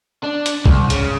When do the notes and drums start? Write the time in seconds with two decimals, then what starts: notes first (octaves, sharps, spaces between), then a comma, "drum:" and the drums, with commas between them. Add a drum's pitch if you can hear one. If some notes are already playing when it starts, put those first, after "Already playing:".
0.24 D4
0.46 drum: hi-hat
0.66 C2, drum: kick
0.90 C#3, drum: hi-hat